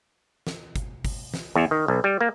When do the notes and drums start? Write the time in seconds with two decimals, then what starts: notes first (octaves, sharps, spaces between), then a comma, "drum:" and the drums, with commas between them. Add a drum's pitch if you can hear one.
0.47 drum: snare
0.76 drum: kick, hi-hat
1.05 drum: kick, open hi-hat
1.34 drum: snare
1.55 E2
1.71 D#3
1.88 B1
2.04 G3
2.21 A#3